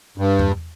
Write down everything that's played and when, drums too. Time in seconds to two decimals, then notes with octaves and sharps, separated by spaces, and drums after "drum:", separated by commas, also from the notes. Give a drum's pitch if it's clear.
0.18 G2
0.39 drum: tom E2